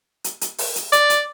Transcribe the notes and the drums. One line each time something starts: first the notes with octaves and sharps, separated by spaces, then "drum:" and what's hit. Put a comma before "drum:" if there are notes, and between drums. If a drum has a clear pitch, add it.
drum: hi-hat
drum: hi-hat
drum: open hi-hat
drum: hi-hat
D5, drum: hi-hat
drum: hi-hat